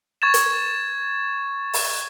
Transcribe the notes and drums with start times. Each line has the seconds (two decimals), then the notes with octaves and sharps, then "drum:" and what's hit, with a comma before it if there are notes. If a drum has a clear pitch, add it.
0.22 C#6 G#6 A6 E7
0.34 drum: hi-hat
1.73 drum: open hi-hat